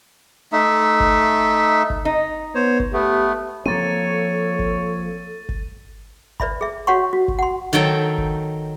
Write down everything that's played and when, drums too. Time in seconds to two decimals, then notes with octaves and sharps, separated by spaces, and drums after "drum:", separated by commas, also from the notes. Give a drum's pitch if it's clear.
0.52 A3 D#4 E5
1.00 drum: kick G#1
1.90 drum: kick G#1
2.05 D#4
2.55 B3 C5 C#5
2.80 drum: kick G#1
2.93 A3 B3 G4
3.66 F3 A#3 C4 A4 C#5 A6 D#7
4.59 drum: kick G#1
5.49 drum: kick G#1
6.40 B4 D5 E5 B5, drum: kick G#1
6.61 G#4 E5
6.87 F#4 C#5 F#5 C6 C#6
7.13 F#4
7.28 drum: kick G#1
7.39 F#5 C6
7.73 D#3 F#3 A4 G5
8.18 drum: kick G#1